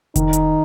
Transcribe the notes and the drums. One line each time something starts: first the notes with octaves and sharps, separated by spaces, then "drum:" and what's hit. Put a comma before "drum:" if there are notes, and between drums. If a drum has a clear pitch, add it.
D#3 D#4, drum: kick F1, hi-hat
drum: hi-hat